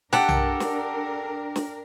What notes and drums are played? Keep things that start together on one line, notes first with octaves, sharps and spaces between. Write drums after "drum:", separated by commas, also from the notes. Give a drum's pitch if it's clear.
D4 G4 A4 A#4 F#5, drum: snare
drum: tom B1
drum: snare
drum: snare